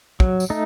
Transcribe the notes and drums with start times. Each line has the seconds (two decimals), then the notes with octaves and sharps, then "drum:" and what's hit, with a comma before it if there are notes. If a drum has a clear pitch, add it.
0.20 F#3, drum: kick
0.40 drum: tambourine
0.50 A3 D#4